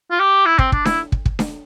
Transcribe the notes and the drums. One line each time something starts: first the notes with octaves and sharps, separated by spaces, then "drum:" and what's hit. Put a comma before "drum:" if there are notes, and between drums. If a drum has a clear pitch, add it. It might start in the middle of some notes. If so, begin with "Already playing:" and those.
F4
G4
E4
C4, drum: kick
D4, drum: kick
E4, drum: snare D4
drum: kick
drum: kick
drum: snare D4